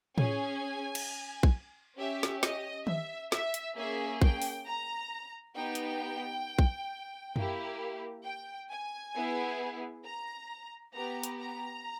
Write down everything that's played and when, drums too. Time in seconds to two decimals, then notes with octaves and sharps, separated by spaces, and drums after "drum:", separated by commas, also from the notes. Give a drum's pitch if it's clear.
0.18 C#4 G#4 G#5, drum: tom A2
0.95 drum: cymbal
1.43 drum: kick A#1
1.98 C#4 G4 E5
2.23 drum: snare
2.43 D#5, drum: snare
2.87 E5, drum: tom D#3
3.32 E5, drum: snare
3.54 drum: hi-hat
3.77 A#3 C#4 G#4 E5
4.22 G5, drum: kick A#1
4.42 drum: open hi-hat
4.66 A#5
5.56 B3 D#4 G4 G5
5.75 drum: hi-hat
6.59 drum: kick A#1
7.36 A#3 E4 G4, drum: tom F#2
8.26 G5
8.71 G#5
9.15 B3 E4 G#4
10.06 A#5
10.95 B3 G4 A#5
11.24 drum: hi-hat
11.40 A#5